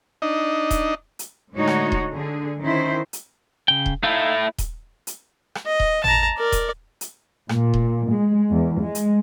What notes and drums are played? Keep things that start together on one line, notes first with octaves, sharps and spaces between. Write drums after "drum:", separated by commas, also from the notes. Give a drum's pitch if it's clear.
D4 D#4 D#5
drum: kick D#1, hi-hat
drum: hi-hat
A2 D3 G#3 D#4 F#4 C#5
drum: rim click
drum: kick D#1
D3 G#4
D#3 C#4 E4 C5
drum: hi-hat
C#3 G5
drum: kick D#1
A3 D#4 E4 F5 G6
drum: kick D#1, hi-hat
drum: hi-hat
drum: rim click
D#5
drum: kick D#1
A5 A#5, drum: tom G#1
A#4 D5
drum: kick D#1, hi-hat
drum: hi-hat
A#2, drum: rim click
drum: kick D#1
G#3
E2
G#3
drum: hi-hat